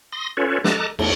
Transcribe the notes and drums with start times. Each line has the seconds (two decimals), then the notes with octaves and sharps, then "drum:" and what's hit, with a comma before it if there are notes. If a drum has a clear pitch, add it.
0.12 C6 D#6 A#6
0.37 C#4 F4 A4 B4 C#5
0.64 A4 D#5 A5 A#5 D6 F#6, drum: snare
0.99 E2 A3, drum: cymbal